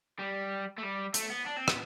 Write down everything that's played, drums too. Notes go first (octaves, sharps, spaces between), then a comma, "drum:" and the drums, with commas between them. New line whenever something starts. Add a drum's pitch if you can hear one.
G3
A3
G3
A3, drum: hi-hat
B3
D4
C4
B3, drum: rim click